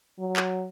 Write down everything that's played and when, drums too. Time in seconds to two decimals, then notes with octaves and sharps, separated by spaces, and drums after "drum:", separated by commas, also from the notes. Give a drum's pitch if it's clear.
0.19 F#3
0.36 drum: clap